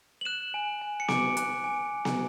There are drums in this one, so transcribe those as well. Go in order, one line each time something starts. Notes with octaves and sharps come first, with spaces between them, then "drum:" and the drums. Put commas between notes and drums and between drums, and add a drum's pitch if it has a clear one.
F#7
F#6 E7
G#5
G#5
C#7
D6 D7, drum: snare B3
F#6, drum: hi-hat
G#5
drum: snare B3